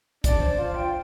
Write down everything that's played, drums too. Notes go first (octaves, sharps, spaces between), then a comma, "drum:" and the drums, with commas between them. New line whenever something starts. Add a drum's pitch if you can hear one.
D4 D5, drum: kick, hi-hat
C5
F4 C5
G5